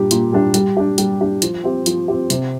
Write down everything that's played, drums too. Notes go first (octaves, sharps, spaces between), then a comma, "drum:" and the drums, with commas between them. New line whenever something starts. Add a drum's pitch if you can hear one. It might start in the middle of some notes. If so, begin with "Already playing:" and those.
Already playing: A#2 G3 D4 G4
A#2, drum: hi-hat
G3 D4 G4
G3, drum: hi-hat
D4 G4
G3, drum: hi-hat
D4 G4
F3, drum: hi-hat
C4 G4
F3, drum: hi-hat
C4 G4
C3, drum: hi-hat